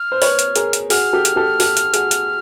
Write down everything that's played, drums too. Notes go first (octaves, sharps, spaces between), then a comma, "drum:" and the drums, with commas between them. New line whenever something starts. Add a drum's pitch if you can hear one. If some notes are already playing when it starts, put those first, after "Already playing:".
Already playing: F6
C5
B4 C#5, drum: open hi-hat
drum: hi-hat
G#4 A#4, drum: hi-hat
drum: hi-hat
F#4 G#4 F6, drum: open hi-hat
G4 A4
drum: hi-hat
G4 A4
G4 A4, drum: open hi-hat
drum: hi-hat
F#4 G#4, drum: hi-hat
drum: hi-hat